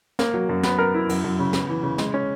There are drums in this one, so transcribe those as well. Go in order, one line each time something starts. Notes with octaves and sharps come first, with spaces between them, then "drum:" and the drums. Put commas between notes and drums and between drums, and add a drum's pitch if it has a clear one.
A#3, drum: snare
F#3
F#2
B3, drum: snare
A#4
E4
F#2, drum: cymbal
F#2
C#3
B3, drum: snare
E3
C#3
G#3, drum: snare
C#4